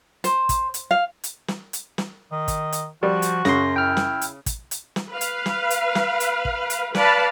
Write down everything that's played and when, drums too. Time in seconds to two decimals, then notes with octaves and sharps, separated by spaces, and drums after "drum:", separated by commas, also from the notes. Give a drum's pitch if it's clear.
0.24 C5, drum: hi-hat
0.49 drum: kick, hi-hat
0.74 drum: hi-hat
0.91 F5
1.24 drum: hi-hat
1.48 drum: snare
1.73 drum: hi-hat
1.98 drum: snare
2.32 D#3 D#5
2.48 drum: kick, hi-hat
2.72 drum: hi-hat
3.03 F3 G3 F#4
3.22 drum: hi-hat
3.45 F#2 C#3 C6 A#6, drum: snare
3.76 E4 G5 F6
3.97 drum: snare
4.21 drum: hi-hat
4.46 drum: kick, hi-hat
4.71 drum: hi-hat
4.96 drum: snare
5.10 B4 F5
5.21 drum: hi-hat
5.46 drum: snare
5.70 drum: hi-hat
5.95 drum: snare
6.20 drum: hi-hat
6.45 drum: kick
6.70 drum: hi-hat
6.95 B4 D5 F5 A5 B5, drum: snare